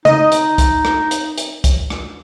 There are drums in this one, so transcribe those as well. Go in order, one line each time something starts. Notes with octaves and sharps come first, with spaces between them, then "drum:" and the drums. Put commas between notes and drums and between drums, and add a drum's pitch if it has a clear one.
D#4 D#5, drum: tom C#3
drum: hi-hat
drum: kick, hi-hat
drum: rim click
drum: hi-hat
drum: hi-hat
drum: kick, hi-hat
drum: rim click